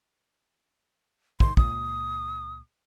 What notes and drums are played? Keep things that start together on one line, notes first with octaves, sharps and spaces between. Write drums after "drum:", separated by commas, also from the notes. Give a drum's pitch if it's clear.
G#2 C3 D#3 C6, drum: kick
C#2 A#2 D#6, drum: kick